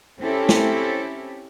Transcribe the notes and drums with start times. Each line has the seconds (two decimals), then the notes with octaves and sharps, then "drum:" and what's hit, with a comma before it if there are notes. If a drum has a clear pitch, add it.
0.21 C4 C#4 E4 G4 A4
0.49 drum: snare